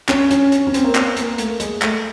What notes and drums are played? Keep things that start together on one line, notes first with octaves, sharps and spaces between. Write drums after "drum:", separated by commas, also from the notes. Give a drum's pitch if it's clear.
C#4, drum: clap
C#4, drum: hi-hat
drum: hi-hat
C#4
C4, drum: hi-hat
A#3
B3, drum: clap
A#3, drum: hi-hat
A3, drum: hi-hat
G#3, drum: hi-hat
A3, drum: clap